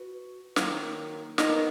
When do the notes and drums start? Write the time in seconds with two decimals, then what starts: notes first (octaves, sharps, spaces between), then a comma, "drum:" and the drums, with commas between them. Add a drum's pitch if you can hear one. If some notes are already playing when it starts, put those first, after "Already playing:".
Already playing: F#4 B4
0.56 D#3 F#3 A#3, drum: snare
1.38 B3 D#4 A#4, drum: snare